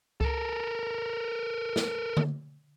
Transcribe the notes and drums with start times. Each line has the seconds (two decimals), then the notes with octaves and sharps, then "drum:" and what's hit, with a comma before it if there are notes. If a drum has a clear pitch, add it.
0.21 A4 A#4, drum: kick C#2
1.76 drum: snare
2.17 drum: tom D3